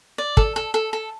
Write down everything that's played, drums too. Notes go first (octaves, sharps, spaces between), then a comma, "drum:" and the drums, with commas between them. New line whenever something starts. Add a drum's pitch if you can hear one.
D5
A4, drum: kick
A4
A4
A4